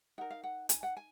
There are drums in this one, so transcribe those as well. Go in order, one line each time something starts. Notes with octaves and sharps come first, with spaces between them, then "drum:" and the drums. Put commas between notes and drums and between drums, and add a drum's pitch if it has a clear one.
D#4 A#4 F#5
F5
F#5
G#5, drum: hi-hat
F#5
G#5